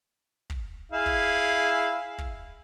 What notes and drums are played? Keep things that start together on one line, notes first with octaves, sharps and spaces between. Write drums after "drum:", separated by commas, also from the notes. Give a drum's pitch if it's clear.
drum: kick
E4 G#4 F5
drum: kick
drum: kick